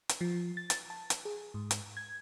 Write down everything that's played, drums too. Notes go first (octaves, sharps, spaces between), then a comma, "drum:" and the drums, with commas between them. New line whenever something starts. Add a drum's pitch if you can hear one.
drum: hi-hat
F3
A6
drum: hi-hat
A5
drum: hi-hat
G#4
G#2
drum: hi-hat
G#6